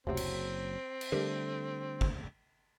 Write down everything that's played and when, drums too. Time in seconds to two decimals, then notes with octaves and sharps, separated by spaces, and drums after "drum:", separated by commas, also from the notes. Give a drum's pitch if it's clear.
0.07 F#1 D2 C3 F#3 C4
0.17 drum: cymbal
1.01 drum: cymbal
1.12 D3 G3 A3 G4 A#4
2.01 drum: kick